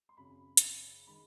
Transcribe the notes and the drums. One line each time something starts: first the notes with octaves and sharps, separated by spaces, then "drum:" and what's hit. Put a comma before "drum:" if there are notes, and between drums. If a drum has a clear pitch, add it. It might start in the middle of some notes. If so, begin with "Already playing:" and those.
C6
G#1 F#2 C#3 B5
drum: hi-hat
D#3 G#3 B5